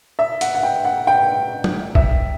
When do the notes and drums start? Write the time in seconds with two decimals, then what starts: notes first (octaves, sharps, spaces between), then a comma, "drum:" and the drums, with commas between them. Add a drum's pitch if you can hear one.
0.19 E5
0.41 F#5, drum: hi-hat
0.55 F#5
0.63 G5
0.85 F#5
1.07 G5
1.64 drum: tom
1.95 E5, drum: kick